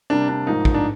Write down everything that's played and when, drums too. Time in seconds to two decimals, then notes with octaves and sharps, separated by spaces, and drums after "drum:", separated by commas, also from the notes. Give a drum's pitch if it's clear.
0.10 C3 G3 A#3 D4
0.29 D4
0.47 G#2 F3 A#3 D#4
0.65 drum: kick
0.74 D4